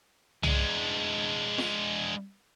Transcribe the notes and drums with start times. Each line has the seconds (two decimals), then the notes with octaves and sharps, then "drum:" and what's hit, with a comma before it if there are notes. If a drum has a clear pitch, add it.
0.43 G#3 D4, drum: tom
1.58 drum: snare F4